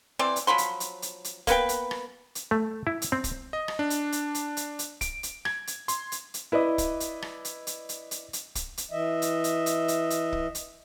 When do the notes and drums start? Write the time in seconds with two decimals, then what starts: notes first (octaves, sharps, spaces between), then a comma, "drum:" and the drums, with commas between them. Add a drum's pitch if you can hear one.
0.19 E3 C4 C5 D5
0.36 drum: hi-hat
0.47 F3 F#3 B5 C6
0.58 drum: hi-hat
0.80 drum: hi-hat
1.02 drum: hi-hat
1.24 drum: hi-hat
1.47 A#3 B3 B4 G5, drum: kick, hi-hat
1.69 drum: hi-hat
1.91 drum: rim click
2.35 drum: hi-hat
2.51 A3
2.87 E4
3.02 drum: hi-hat
3.12 C4
3.24 drum: kick, hi-hat
3.53 D#5
3.68 drum: rim click
3.79 D4
3.90 drum: hi-hat
4.12 drum: hi-hat
4.35 drum: hi-hat
4.57 drum: hi-hat
4.79 drum: hi-hat
5.01 D7, drum: kick, hi-hat
5.23 drum: hi-hat
5.45 G#6, drum: rim click
5.67 drum: hi-hat
5.88 C6, drum: hi-hat
6.12 drum: hi-hat
6.34 drum: hi-hat
6.52 E4 B4 D5 D#5
6.78 drum: kick, hi-hat
7.00 drum: hi-hat
7.22 drum: rim click
7.45 drum: hi-hat
7.67 drum: hi-hat
7.89 drum: hi-hat
8.11 drum: hi-hat
8.33 drum: hi-hat
8.55 drum: kick, hi-hat
8.77 drum: hi-hat
8.91 E3 D#5 E5
9.22 drum: hi-hat
9.44 drum: hi-hat
9.66 drum: hi-hat
9.88 drum: hi-hat
10.10 drum: hi-hat
10.33 drum: kick
10.55 drum: hi-hat